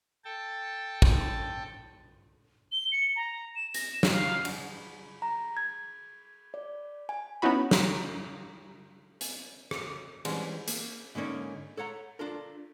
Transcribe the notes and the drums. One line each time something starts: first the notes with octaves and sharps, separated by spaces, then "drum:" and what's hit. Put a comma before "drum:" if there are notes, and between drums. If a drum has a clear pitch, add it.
A4 G5 A5
drum: kick
G7
C#7
A#5
E7
A#6, drum: hi-hat
E7
drum: snare
F5
drum: cymbal
A#5
G#6
D5
G#5
B3 C#4 D#4 E4 F#4 B5
drum: snare
drum: hi-hat
drum: rim click
E3 G3 G#3 C4 C#4 D#4, drum: cymbal
A#3, drum: hi-hat
G#2 D3 A#3 C#4 D#4
A4 C#5 F#5 A#5
D4 F4 A4 A#4